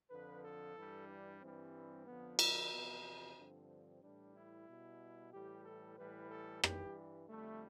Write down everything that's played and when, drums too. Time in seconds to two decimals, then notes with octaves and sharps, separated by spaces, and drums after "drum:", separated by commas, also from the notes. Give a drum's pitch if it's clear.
0.11 F2 D3 F3 B4
0.44 A4
0.76 G2 E3 G3
1.08 D4
1.41 G2 E3 G3 C4
2.07 F2 D3 F3 B3
2.39 C4, drum: cymbal
2.73 E2 C3 F3 B3
3.04 C4
3.37 G2 D3 F3
4.03 A2 E3 G3 D4
4.36 E4
4.67 B2 G3
5.33 A2 E3 G3 G4
5.65 A4
5.98 A2 E3 G3 B4
6.31 A4
6.64 G2 E3 G3 G4, drum: rim click
7.29 F2 D3 G3 A3